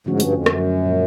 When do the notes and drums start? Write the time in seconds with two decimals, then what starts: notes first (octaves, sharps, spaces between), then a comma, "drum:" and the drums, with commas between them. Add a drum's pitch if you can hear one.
0.06 G#2 D3 F3 A3 C#4 F#4
0.20 G2, drum: hi-hat
0.33 F2
0.46 F#2, drum: rim click
0.86 A#2 F3 G#3